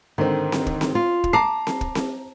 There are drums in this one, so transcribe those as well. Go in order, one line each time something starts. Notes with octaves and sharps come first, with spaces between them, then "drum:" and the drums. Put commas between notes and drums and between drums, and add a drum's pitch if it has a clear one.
G#2 D3 D#3 C4
drum: snare C4
drum: kick
drum: snare C4
F4
drum: kick
A5 A#5 D6 C7
drum: snare C4
drum: kick
drum: snare C4